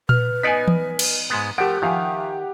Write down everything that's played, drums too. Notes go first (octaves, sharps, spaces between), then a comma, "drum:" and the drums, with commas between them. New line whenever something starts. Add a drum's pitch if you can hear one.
B4 F6, drum: tom A#2
B3 D#4 D5 D#5 G#5 B6
drum: tom E3
drum: cymbal
G#2 G#3 B3
F3 A3 G4 A#4 F#5 D7
D#3 F3 E5 F5 G#5